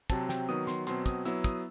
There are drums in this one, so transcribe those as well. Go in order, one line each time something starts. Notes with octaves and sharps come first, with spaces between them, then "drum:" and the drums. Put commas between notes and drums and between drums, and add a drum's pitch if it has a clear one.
C3 F#3 C4 A5, drum: kick, hi-hat
G5, drum: snare
D#3 F#3 B3 D#6
C6, drum: snare
B2 F#3 C4 C6, drum: hi-hat
D#6, drum: kick, hi-hat
F#3 B3 E4 E6, drum: hi-hat
D#6, drum: kick, hi-hat